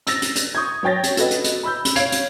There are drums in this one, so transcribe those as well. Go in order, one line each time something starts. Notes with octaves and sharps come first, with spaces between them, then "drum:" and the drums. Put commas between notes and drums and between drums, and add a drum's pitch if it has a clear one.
E6 A6 A#6, drum: hi-hat
drum: hi-hat
drum: hi-hat
C#6 D#6 G6 G#6
F#3 C#5 G5 A6 A#6
drum: hi-hat
F#4 A4 B4 D#5, drum: hi-hat
drum: hi-hat
drum: hi-hat
B5 E6 G6
drum: hi-hat
C#5 F5 G#6 C7 D7 F7, drum: hi-hat
drum: hi-hat